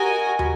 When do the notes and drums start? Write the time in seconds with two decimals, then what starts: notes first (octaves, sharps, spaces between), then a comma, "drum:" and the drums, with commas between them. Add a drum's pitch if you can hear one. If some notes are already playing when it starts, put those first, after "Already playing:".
Already playing: F#4 G4 A#4 D#5 G#5
0.39 F#4, drum: tom